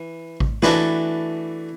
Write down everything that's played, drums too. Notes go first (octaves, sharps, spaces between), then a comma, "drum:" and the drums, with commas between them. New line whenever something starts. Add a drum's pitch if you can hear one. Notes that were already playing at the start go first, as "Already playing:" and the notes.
Already playing: E3
drum: kick A1
E3 A3 D4 F#4 B4, drum: snare